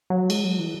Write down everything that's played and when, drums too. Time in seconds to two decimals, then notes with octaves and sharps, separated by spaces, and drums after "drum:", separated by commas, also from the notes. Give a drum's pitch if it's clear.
0.10 F#3
0.30 G#3, drum: cymbal
0.45 F#3
0.59 E3